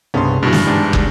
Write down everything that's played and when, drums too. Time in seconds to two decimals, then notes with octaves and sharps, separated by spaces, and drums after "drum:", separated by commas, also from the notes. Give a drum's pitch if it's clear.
0.14 C2 G2 C#3 B3 C6
0.43 G2 B2 E3
0.53 drum: snare
0.66 G#2 G3 D4
0.93 drum: kick